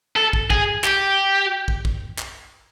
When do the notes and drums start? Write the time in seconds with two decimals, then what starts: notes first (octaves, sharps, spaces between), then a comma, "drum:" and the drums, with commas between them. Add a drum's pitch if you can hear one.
0.16 A4
0.33 drum: kick
0.50 G#4, drum: kick
0.84 G4, drum: clap
1.68 drum: kick
1.85 drum: kick
2.19 drum: clap